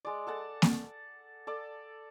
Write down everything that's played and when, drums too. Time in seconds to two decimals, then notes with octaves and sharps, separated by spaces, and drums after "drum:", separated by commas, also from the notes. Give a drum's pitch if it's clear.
0.05 G#3 D5
0.27 A4 F#5 A5
0.62 drum: snare A#3
1.47 A4 D5